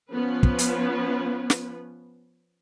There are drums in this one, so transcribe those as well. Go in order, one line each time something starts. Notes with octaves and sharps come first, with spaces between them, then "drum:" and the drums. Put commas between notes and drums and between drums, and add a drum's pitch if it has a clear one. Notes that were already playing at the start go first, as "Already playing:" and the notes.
F3 B3 C#4 B4
drum: kick
drum: hi-hat
drum: snare